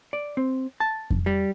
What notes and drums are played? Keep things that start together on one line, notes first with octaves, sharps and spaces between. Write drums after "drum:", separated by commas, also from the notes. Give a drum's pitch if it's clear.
D5
C4
A5
drum: kick F2
G3